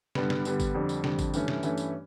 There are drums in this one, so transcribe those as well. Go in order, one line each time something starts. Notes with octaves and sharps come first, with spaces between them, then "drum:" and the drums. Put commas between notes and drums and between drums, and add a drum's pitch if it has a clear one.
G2 D3 G3 B3, drum: snare
drum: snare
G2 D3 G3 B3, drum: tambourine
drum: kick G#1, tambourine
F2 D3 G3
drum: tambourine
F2 D3 G3, drum: snare
drum: kick G#1, tambourine
G2 E3 A3 C#4, drum: tambourine
drum: snare
G2 E3 A3 C#4, drum: tambourine
drum: tambourine